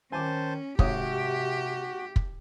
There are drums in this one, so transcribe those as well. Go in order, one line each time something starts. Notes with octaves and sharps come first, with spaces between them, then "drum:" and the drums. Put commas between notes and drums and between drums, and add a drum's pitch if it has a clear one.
D#3 C#4 C5 G#5 A5 C6 D6
G#1 C3 F#4 G4 C#5 D#6, drum: kick
drum: kick